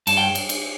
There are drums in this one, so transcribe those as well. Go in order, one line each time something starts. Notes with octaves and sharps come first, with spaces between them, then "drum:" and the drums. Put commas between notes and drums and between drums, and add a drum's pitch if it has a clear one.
G2 A5, drum: cymbal
G5
drum: cymbal
drum: cymbal